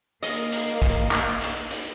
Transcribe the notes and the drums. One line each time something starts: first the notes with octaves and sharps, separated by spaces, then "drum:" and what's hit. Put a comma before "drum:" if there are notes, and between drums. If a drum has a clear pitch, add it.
A#3 D#5, drum: hi-hat
drum: hi-hat
drum: kick, hi-hat
drum: clap
drum: hi-hat
drum: hi-hat